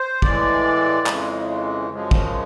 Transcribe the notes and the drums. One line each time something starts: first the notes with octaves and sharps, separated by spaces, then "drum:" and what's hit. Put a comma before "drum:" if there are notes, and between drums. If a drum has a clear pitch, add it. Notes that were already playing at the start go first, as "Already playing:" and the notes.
Already playing: C5
A2 E3 G#3 D5, drum: kick
F2 C#3 E3 G#3, drum: clap
F#2 C#3 F3 G#3
drum: kick